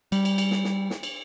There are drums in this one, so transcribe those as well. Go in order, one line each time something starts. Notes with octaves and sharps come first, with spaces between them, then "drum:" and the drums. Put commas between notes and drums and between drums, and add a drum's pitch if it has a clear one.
G3, drum: cymbal
drum: cymbal
drum: cymbal
drum: snare
drum: snare
drum: snare
drum: cymbal